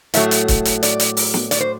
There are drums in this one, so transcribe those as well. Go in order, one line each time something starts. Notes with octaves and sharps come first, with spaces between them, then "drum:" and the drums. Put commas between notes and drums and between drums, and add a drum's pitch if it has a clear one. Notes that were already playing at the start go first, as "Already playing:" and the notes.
A2 F#3 A3 E5, drum: hi-hat
drum: hi-hat
drum: kick C#1, hi-hat
drum: hi-hat
D5, drum: hi-hat
drum: hi-hat
drum: open hi-hat
drum: snare
D5, drum: hi-hat
C5